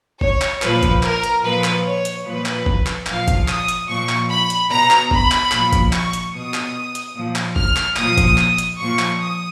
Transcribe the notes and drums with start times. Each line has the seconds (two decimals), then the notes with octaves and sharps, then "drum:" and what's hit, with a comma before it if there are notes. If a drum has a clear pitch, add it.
0.21 C#5, drum: kick
0.42 drum: clap
0.62 A#2 F3 B4, drum: clap
0.83 drum: kick, hi-hat
1.03 A#4, drum: clap
1.23 drum: hi-hat
1.44 A#2 F3 B4
1.64 drum: clap
1.85 C#5
2.05 drum: hi-hat
2.25 A#2 F3 B4
2.46 drum: clap
2.66 drum: kick
2.87 drum: clap
3.07 A#2 F3 F5, drum: clap
3.28 drum: kick, hi-hat
3.48 D#6, drum: clap
3.68 drum: hi-hat
3.89 A#2 F3 C#6
4.09 drum: clap
4.30 B5
4.50 drum: hi-hat
4.70 B2 A#5
4.91 drum: clap
5.11 B5, drum: kick
5.32 drum: clap
5.52 A#2 F3, drum: clap
5.73 drum: kick, hi-hat
5.93 C#6, drum: clap
6.13 drum: hi-hat
6.34 B2 D#6
6.54 drum: clap
6.95 drum: hi-hat
7.16 A#2 F3
7.36 drum: clap
7.56 F6, drum: kick
7.77 drum: clap
7.97 A#2 F3 D#6, drum: clap
8.18 drum: kick, hi-hat
8.38 drum: clap
8.58 drum: hi-hat
8.79 A#2 F3 C#6
8.99 drum: clap
9.20 D#6